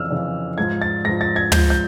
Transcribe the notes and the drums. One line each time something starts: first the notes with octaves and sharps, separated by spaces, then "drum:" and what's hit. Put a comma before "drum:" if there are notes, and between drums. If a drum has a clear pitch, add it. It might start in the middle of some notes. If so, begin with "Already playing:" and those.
Already playing: F2 C#3 E3 E6 F6
F2 C#3 E3
G#2 F3 G#6
A6
G#2 F3 A#6
A6
G#6
G#2 F3 G6, drum: tom
G6